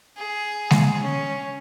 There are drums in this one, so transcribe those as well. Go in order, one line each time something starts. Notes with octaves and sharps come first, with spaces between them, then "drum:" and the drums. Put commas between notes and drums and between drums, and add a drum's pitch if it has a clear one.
G#4
drum: snare G#3
C#4